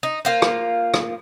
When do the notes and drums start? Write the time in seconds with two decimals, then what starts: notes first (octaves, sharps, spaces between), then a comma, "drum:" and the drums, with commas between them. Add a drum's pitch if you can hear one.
0.03 D#4
0.25 A#3 F4 C5
0.42 drum: rim click
0.94 drum: rim click